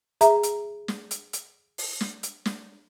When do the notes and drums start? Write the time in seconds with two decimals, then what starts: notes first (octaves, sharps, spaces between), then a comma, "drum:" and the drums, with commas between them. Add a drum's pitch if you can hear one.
0.21 G#4 E5 A#5, drum: hi-hat
0.43 drum: hi-hat
0.88 drum: snare
1.11 drum: hi-hat
1.33 drum: hi-hat
1.78 drum: open hi-hat
2.01 drum: snare
2.23 drum: hi-hat
2.46 drum: snare